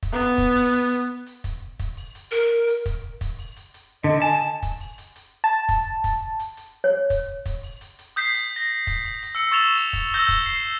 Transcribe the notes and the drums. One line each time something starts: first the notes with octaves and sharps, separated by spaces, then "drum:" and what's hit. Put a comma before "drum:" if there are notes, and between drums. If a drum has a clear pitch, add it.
drum: kick, hi-hat
B3
drum: kick, hi-hat
drum: open hi-hat
drum: hi-hat
drum: hi-hat
drum: hi-hat
drum: kick, hi-hat
drum: kick, hi-hat
drum: open hi-hat
drum: hi-hat
A#4, drum: hi-hat
drum: hi-hat
drum: kick, hi-hat
drum: kick, hi-hat
drum: open hi-hat
drum: hi-hat
drum: hi-hat
D3 D#5
G#5 A5
drum: kick, hi-hat
drum: open hi-hat
drum: hi-hat
drum: hi-hat
A5
drum: kick, hi-hat
drum: kick, hi-hat
drum: hi-hat
drum: hi-hat
C#5
drum: kick, hi-hat
drum: kick, hi-hat
drum: open hi-hat
drum: hi-hat
drum: hi-hat
D#6 G6 B6 C7
drum: hi-hat
A#6
drum: kick, hi-hat
drum: open hi-hat
drum: hi-hat
E6 C#7
C#6 E6 A6 E7 F7 G7
drum: hi-hat
drum: kick, hi-hat
E6 G6 A#6 G7
drum: kick, hi-hat
C7, drum: open hi-hat